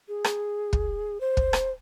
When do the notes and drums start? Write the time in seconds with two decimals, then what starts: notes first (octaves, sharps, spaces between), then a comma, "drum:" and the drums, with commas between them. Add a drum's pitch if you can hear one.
0.08 G#4
0.24 drum: rim click
0.73 drum: kick
1.21 C5
1.37 drum: kick
1.53 drum: rim click